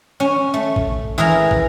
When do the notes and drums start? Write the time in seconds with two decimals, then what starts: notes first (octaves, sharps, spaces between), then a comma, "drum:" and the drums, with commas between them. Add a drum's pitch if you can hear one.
0.20 C#4
0.54 A3
0.76 drum: kick
1.18 E3 G#4 A#4 A#5
1.51 drum: kick